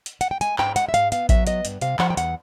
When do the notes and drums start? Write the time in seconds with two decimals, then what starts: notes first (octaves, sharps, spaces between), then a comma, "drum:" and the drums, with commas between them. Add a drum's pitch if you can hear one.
0.06 drum: hi-hat
0.21 F#5, drum: hi-hat
0.31 G5
0.41 G#3 G#5, drum: hi-hat
0.58 G#2 G5, drum: clap
0.76 G#3 F#5, drum: hi-hat
0.89 E5
0.94 G#2 F5, drum: hi-hat
1.12 B3 F5, drum: hi-hat
1.29 F#3 E5, drum: kick A1, hi-hat
1.47 B3 D#5, drum: hi-hat
1.65 G2, drum: hi-hat
1.81 C3 F5, drum: hi-hat
1.99 F3 F#5, drum: clap
2.10 G5
2.17 E2 F#5, drum: hi-hat